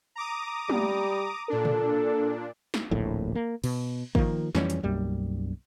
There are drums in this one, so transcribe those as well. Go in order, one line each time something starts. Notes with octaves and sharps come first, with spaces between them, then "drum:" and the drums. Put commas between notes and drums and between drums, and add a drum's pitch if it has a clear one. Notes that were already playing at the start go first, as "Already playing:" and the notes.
A#5 D6 D#6
G3, drum: tom
A#2 D4 A4
drum: tom
drum: snare
D1 A#1 A2
A#3
B2, drum: cymbal
D#3 F3 A#3, drum: kick
F2 E3 G3 C#4, drum: snare
drum: hi-hat
B1 F#2 G3 A#3